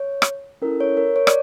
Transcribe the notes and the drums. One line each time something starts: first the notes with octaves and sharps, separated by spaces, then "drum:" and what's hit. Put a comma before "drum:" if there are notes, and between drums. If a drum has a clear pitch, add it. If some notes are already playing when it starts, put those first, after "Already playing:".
Already playing: C#5
drum: rim click
C#4 E4 A4 A#4
C#5
A#4
C#5
D5, drum: rim click